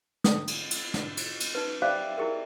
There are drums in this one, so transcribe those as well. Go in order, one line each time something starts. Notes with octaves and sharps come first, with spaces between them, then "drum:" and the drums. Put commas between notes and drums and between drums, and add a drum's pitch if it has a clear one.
D#6, drum: snare
drum: cymbal
drum: cymbal
drum: snare
drum: cymbal
drum: cymbal
D#4 B4
G3 C5 D5 E5 F5 D6
E4 G#4 A#4